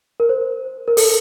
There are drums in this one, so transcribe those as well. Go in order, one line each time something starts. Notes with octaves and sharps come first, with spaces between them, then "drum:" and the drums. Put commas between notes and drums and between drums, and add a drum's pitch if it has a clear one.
A#4
C5
A#4
A4, drum: open hi-hat